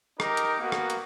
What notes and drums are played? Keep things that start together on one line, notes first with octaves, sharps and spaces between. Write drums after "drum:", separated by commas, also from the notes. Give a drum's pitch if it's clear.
D#4 G4 A#4, drum: rim click
drum: hi-hat
A#3 B3 F#4
drum: rim click
drum: hi-hat